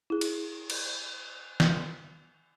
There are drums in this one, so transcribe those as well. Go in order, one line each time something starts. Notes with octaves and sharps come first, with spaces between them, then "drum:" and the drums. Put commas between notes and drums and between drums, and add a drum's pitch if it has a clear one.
E4 G#4
drum: cymbal
drum: cymbal
drum: snare